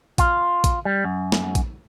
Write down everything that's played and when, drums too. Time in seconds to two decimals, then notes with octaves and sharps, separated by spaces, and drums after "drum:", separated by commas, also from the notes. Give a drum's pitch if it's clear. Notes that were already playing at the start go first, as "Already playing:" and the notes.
0.18 F4, drum: kick, hi-hat
0.64 drum: kick, hi-hat
0.85 G3
1.04 F#2
1.32 drum: snare
1.55 drum: kick, hi-hat